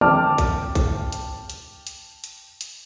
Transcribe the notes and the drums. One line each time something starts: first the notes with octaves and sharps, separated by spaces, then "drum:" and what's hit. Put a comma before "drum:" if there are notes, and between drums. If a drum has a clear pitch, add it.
G5 A5 D6 F6, drum: tom
drum: kick, hi-hat
drum: kick, hi-hat
drum: hi-hat
drum: hi-hat
drum: hi-hat
drum: hi-hat
drum: hi-hat